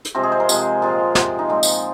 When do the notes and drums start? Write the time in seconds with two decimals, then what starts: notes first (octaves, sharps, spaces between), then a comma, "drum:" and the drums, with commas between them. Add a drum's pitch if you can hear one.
0.05 drum: hi-hat
0.15 C3 F3 G#3 C4
0.23 G#4
0.32 C5
0.40 A#4
0.49 C3 F3 G#3, drum: tambourine
0.82 A#2 F3 G#3 F4
1.15 C3 G#3, drum: snare
1.39 D#4
1.49 A#2 F3 G#3 C4
1.63 drum: tambourine